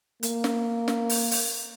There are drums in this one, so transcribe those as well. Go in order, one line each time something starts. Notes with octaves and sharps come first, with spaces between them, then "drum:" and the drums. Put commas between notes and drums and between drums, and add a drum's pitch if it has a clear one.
A#3, drum: hi-hat
drum: snare
drum: snare
drum: open hi-hat
drum: open hi-hat